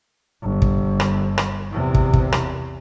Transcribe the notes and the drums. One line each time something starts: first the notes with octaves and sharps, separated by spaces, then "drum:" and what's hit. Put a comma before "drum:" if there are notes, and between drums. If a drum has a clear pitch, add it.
G1
drum: kick
drum: rim click
drum: rim click
E2 C3
drum: kick
drum: kick
drum: rim click